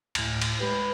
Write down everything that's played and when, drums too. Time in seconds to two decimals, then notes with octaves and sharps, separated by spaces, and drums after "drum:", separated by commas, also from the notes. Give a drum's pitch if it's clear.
0.15 D2 A2, drum: cymbal
0.42 drum: cymbal
0.60 G#3 G4 B4